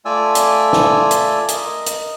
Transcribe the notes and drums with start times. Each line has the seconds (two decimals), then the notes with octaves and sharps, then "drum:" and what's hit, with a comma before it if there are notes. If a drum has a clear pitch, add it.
0.05 A3 F4 D5 G#5 E6
0.35 drum: hi-hat
0.73 drum: snare
1.11 drum: hi-hat
1.48 A#4 D#5, drum: hi-hat
1.86 drum: hi-hat